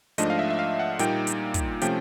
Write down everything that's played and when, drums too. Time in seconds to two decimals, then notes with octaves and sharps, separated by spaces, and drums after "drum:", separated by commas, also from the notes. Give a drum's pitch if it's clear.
0.18 G#2 F3 A3 D4 D#5, drum: hi-hat
0.30 F5
0.39 E5
0.50 E5
0.59 F5
0.79 F#5
0.99 A#2 G3 A#3 D#4 G5, drum: hi-hat
1.27 drum: hi-hat
1.54 drum: kick, hi-hat
1.81 C3 F3 A3 C#4 G5, drum: hi-hat